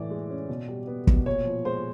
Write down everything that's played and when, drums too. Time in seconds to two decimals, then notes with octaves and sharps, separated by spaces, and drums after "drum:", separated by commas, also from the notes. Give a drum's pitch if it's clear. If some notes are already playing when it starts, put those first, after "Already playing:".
Already playing: A2 E3 D5
0.10 G#3
0.30 C#4
0.48 B2
0.68 G3
0.87 B3
1.07 B2, drum: kick
1.26 A#2 C#5
1.46 F3
1.65 G#3 C5